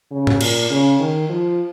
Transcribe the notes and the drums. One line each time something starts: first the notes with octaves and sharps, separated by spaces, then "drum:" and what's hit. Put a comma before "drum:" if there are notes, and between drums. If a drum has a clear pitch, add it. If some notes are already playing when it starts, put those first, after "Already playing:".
C#3
drum: tom G#2
A#2, drum: cymbal
C#3
D#3
F3